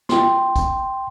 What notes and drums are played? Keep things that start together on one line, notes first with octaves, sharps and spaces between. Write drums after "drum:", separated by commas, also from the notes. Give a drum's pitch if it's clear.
G5 C6, drum: snare
drum: kick, hi-hat